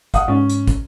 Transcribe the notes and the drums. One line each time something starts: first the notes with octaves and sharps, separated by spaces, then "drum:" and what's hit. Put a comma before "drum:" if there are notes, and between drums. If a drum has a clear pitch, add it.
F5 F#5 D#6, drum: kick, hi-hat
G#2 C#4
drum: hi-hat
drum: kick, hi-hat